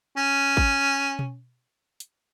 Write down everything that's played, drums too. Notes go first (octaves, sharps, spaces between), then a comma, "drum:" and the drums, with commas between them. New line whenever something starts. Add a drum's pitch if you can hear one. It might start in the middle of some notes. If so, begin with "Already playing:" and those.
C#4
drum: kick
drum: tom B2
drum: hi-hat